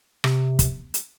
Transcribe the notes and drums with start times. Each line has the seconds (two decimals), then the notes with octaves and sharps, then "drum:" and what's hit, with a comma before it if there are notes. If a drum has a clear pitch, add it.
0.24 C3, drum: rim click
0.59 drum: kick, hi-hat
0.94 drum: hi-hat